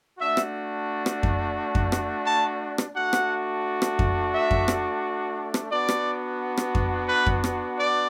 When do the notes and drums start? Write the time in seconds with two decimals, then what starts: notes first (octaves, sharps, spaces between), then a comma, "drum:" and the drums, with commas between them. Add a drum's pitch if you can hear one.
0.19 A3 D4 F#4 E5
0.37 drum: rim click
1.06 drum: rim click
1.23 drum: kick F2
1.75 drum: kick F2
1.92 drum: rim click
2.26 A5
2.78 drum: rim click
2.95 A3 D4 F#4 F#5
3.13 drum: rim click
3.82 drum: rim click
3.99 drum: kick F2
4.33 E5
4.51 drum: kick F2
4.68 drum: rim click
5.54 drum: rim click
5.71 B3 D4 F#4 D5
5.89 drum: rim click
6.57 drum: rim click
6.75 drum: kick F2
7.09 B4
7.26 drum: kick F2
7.44 drum: rim click
7.78 D5